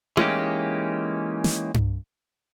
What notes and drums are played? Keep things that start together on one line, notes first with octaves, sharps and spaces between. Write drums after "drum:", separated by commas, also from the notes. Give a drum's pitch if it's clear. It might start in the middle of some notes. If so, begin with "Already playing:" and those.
E3 G#3 A#3 C#4 D#4 G4, drum: tom E4
drum: snare
drum: tom G2